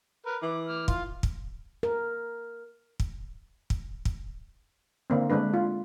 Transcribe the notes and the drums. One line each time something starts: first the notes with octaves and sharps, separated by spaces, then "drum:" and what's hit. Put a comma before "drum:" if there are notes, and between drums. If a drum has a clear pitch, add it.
A#4 B4
E3 D6
D6 F6
F4 F5 C6, drum: kick
drum: kick
A#4
drum: kick
drum: kick
drum: kick
D3 A#3 C4
D3 G#3 A3 D4 B4
F4